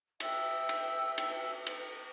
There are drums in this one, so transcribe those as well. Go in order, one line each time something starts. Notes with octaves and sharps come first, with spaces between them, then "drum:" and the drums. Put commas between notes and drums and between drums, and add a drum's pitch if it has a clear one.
E5 G5 E6, drum: cymbal
drum: cymbal
drum: cymbal
drum: cymbal